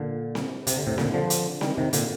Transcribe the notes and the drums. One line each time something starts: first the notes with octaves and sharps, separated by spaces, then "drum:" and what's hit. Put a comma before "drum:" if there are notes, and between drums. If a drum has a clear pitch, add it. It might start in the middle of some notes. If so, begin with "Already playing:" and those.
Already playing: A#2 D3
drum: snare C4
C3, drum: hi-hat
D3
A2 C3
A#2 D3, drum: snare C4
D3 F3
drum: hi-hat
D#3 G3, drum: snare C4
C3 D#3
A#2 D3, drum: hi-hat